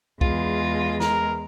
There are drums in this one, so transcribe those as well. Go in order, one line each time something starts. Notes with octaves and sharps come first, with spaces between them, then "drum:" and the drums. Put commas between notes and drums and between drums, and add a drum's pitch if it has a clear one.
E2 G#3 F4, drum: kick C2
A#4, drum: snare